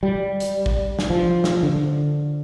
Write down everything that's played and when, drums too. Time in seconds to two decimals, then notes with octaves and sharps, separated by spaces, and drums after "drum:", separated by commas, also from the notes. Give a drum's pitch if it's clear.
0.03 G3
0.40 drum: hi-hat
0.66 drum: kick A#1
0.99 drum: snare
1.10 F3
1.44 drum: snare
1.63 D3